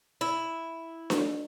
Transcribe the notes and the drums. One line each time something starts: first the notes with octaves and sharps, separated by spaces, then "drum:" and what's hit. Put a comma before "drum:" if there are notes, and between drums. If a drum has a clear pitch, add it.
E4
drum: snare D4